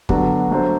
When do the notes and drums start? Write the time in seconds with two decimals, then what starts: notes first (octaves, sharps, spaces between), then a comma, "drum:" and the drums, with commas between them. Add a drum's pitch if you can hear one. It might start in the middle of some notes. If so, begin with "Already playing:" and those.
0.09 D3 F#3 B3 D4 F#4, drum: kick
0.51 F#3 A3 D4 A4 C5